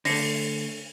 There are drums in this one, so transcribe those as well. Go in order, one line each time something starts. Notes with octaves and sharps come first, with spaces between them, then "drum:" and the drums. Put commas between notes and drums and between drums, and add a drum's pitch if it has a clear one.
D3 A3 A#6 C7 C#7, drum: open hi-hat